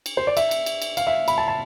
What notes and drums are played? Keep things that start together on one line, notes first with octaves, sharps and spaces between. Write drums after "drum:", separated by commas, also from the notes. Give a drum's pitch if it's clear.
drum: cymbal
C5
D5
E5, drum: cymbal
drum: cymbal
drum: cymbal
drum: cymbal
F5, drum: cymbal
E5
B5, drum: cymbal
A5
A5